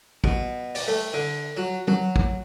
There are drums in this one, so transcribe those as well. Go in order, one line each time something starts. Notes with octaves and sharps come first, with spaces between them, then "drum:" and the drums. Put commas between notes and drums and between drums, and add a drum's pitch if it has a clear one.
B2, drum: kick
D5, drum: open hi-hat
A3
D3
F#3
F#3, drum: tom
drum: kick